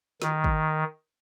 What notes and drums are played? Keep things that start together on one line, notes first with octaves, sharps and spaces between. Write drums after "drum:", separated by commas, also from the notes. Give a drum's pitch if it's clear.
D#3, drum: snare
drum: kick